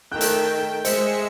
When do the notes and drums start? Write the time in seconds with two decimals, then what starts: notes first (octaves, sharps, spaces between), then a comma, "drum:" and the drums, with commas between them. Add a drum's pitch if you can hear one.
0.12 D#3 A3 G5 F#6
0.21 drum: hi-hat
0.85 G#3 C5 E5 C#7, drum: hi-hat